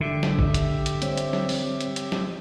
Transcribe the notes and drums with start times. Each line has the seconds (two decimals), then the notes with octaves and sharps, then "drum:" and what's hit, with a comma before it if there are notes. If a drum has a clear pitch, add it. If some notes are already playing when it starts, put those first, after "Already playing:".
0.01 G#1 D3 G4 E5
0.23 drum: snare
0.39 drum: kick
0.54 drum: hi-hat
0.86 drum: hi-hat
1.02 G3 C4 C#5, drum: hi-hat
1.18 drum: hi-hat
1.33 drum: snare
1.49 drum: open hi-hat
1.81 drum: hi-hat
1.96 drum: hi-hat
2.12 drum: snare